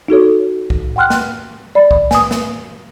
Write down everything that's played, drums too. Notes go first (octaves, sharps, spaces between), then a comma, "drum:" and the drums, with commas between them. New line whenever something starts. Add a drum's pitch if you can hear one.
D#4 F#4 A4 C#5
drum: kick
F#5 G5 C6 F6 F#6
drum: snare
D5 B5
drum: kick
G#5 D#6, drum: snare
drum: snare